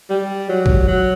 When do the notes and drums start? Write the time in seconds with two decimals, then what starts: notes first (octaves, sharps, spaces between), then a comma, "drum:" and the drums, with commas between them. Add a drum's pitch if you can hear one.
0.10 G3
0.49 F#3
0.66 drum: kick
0.88 F#3